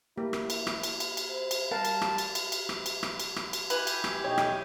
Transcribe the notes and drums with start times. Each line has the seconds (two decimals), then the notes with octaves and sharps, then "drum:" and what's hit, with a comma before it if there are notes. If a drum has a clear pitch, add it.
0.18 A#3 E4 G4
0.33 drum: rim click
0.50 drum: cymbal
0.67 drum: rim click
0.83 drum: cymbal
1.00 drum: cymbal
1.17 drum: cymbal
1.29 C5
1.51 drum: cymbal
1.71 G3 A#4 F5 A5
1.85 drum: cymbal
2.02 drum: rim click
2.18 drum: cymbal
2.35 drum: cymbal
2.52 drum: cymbal
2.69 drum: rim click
2.86 drum: cymbal
3.03 drum: rim click
3.20 drum: cymbal
3.36 drum: rim click
3.53 drum: cymbal
3.70 E4 G4 B4 G#5, drum: cymbal
3.87 drum: cymbal
4.04 drum: rim click
4.24 B1 C#5 D#5 G5
4.38 drum: rim click